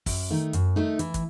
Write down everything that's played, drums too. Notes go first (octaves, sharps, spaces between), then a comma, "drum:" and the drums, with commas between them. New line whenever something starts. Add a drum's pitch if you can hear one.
F#2, drum: kick, open hi-hat
D#3 A3 D#4
F#2, drum: hi-hat
D#3 A3 D#4
E3, drum: hi-hat
drum: kick, hi-hat